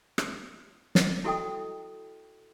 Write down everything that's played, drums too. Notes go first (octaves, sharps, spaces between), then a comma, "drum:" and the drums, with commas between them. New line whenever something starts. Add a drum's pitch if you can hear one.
drum: rim click
drum: snare
E4 F#4 A4 D#5 G5 D#6